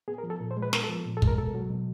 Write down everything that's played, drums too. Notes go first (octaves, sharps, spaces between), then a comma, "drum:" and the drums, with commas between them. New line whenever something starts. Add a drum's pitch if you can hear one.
B3 G#4
A#4
F3
A4
A#2
C5
G#3
B4
B3 A#4, drum: snare
A4
F3
A#2
A4
G#3, drum: kick
A#4
B2 A4
F#3
B2